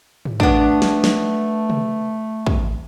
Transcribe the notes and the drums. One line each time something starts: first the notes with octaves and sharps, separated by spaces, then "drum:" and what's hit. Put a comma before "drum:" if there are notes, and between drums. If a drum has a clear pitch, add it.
drum: tom G#2
A3 B3 D4, drum: kick
drum: snare
drum: snare
drum: tom C3
drum: kick